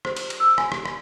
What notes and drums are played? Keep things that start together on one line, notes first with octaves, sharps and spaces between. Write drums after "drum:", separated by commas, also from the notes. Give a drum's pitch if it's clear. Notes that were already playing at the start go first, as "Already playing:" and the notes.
C5, drum: rim click
drum: cymbal
drum: cymbal
E6
G#5, drum: rim click
drum: rim click
drum: rim click